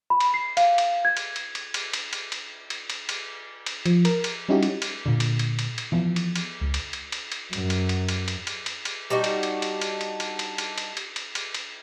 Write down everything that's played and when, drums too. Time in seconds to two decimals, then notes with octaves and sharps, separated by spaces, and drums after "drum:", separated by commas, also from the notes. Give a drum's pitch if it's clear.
0.10 B5
0.20 drum: cymbal
0.34 C7
0.57 F5, drum: cymbal
0.78 drum: cymbal
1.05 G#6
1.17 drum: cymbal
1.36 drum: cymbal
1.55 drum: cymbal
1.74 drum: cymbal
1.93 drum: cymbal
2.13 drum: cymbal
2.32 drum: cymbal
2.70 drum: cymbal
2.90 drum: cymbal
3.09 drum: cymbal
3.66 drum: cymbal
3.86 F3, drum: cymbal
4.05 A#4, drum: cymbal
4.24 drum: cymbal
4.49 G3 C#4 D#4 E4 F#4 G4
4.63 drum: cymbal
4.82 drum: cymbal
5.06 A#2 D3
5.20 drum: cymbal
5.39 drum: cymbal
5.59 drum: cymbal
5.78 drum: cymbal
5.92 E3 F3 B3
6.16 drum: cymbal
6.36 drum: cymbal
6.61 C#2
6.74 drum: cymbal
6.93 drum: cymbal
7.12 drum: cymbal
7.32 drum: cymbal
7.53 F#2, drum: cymbal
7.70 drum: cymbal
7.89 drum: cymbal
8.08 drum: cymbal
8.28 drum: cymbal
8.47 drum: cymbal
8.66 drum: cymbal
8.85 drum: cymbal
9.10 G3 D4 D#4 F#4
9.24 drum: cymbal
9.43 drum: cymbal
9.62 drum: cymbal
9.81 drum: cymbal
10.01 drum: cymbal
10.20 drum: cymbal
10.39 drum: cymbal
10.58 drum: cymbal
10.78 drum: cymbal
10.97 drum: cymbal
11.16 drum: cymbal
11.35 drum: cymbal
11.54 drum: cymbal